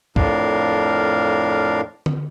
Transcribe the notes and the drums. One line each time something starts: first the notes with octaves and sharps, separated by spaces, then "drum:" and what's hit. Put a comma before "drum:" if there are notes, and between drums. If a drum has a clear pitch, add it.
F2 A2 D4 A#4 F5, drum: kick C#2
drum: tom D3